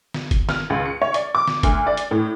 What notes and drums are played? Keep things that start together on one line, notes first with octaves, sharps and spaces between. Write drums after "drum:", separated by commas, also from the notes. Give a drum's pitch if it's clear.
drum: snare
drum: kick G1, hi-hat
F6, drum: snare
C#2
C#7
C#5
D5, drum: hi-hat
D6
drum: snare
D2, drum: kick G1, hi-hat
D5
drum: hi-hat
A2